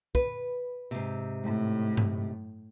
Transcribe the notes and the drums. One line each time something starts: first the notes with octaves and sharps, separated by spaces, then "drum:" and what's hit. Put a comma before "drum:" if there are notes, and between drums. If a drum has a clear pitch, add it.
B4, drum: kick
G#2 C3
A2
drum: tom G2